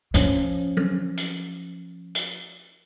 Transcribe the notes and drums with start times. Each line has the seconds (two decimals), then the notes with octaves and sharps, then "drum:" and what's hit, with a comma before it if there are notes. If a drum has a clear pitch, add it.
0.14 F3 C#4, drum: hi-hat
0.77 drum: tom F#3
1.17 drum: hi-hat
2.15 drum: hi-hat